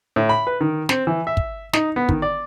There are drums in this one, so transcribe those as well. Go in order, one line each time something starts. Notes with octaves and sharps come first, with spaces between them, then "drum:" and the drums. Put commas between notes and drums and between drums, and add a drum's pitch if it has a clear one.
A2
B5
B4
D#3
C4, drum: snare
E3
E5
drum: kick
D#4, drum: snare
B3
D#3, drum: kick
D5